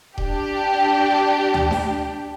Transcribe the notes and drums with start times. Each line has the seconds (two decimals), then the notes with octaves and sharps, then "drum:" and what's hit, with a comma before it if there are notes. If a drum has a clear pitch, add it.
0.18 D4 G4, drum: kick D#1
1.54 drum: tom D2
1.71 drum: snare D4